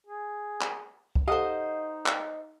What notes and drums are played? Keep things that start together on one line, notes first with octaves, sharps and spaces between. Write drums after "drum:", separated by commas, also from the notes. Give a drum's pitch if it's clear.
G#4
drum: clap
drum: kick C#2
D#4 G4 A4 C5 D#5 F5 F#5
drum: clap